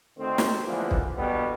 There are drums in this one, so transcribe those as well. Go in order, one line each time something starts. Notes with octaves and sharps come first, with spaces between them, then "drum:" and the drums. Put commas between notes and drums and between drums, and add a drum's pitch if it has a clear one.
D2 D#3 A3 C4
drum: snare
D3 E3 F3 G#3 A#3 B3
drum: kick
B2 D3 G3 A#3 B3